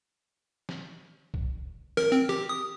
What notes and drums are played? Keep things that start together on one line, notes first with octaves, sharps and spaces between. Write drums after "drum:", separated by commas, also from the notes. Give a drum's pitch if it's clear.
drum: snare
drum: kick
A#4, drum: snare
C4
G4, drum: snare
D#6